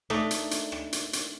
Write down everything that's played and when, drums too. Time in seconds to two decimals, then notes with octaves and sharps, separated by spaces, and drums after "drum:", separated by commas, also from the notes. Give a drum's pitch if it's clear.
0.10 A3 D4 D#4, drum: rim click
0.31 drum: hi-hat
0.51 drum: hi-hat
0.72 drum: rim click
0.93 drum: hi-hat
1.13 drum: hi-hat